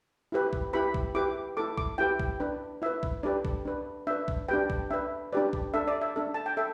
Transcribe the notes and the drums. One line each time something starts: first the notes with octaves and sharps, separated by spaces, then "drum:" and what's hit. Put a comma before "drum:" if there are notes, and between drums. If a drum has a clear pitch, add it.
E4 G4 B4
drum: kick
E4 G4 B4 B5
drum: kick
E4 G4 B4 D6
E4 A4 D6
D6, drum: kick
E4 G4 B4 G5
drum: kick
D4 B4
E4 B4 E5
drum: kick
D4 G4 B4 D5
drum: kick
D4 B4
D4 B4 E5
drum: kick
D4 G4 B4 G5
drum: kick
D4 B4 E5
D4 G4 B4 D5
drum: kick
D4 A4 E5
D5
E5
D4 A4
A5
G5
A4 E5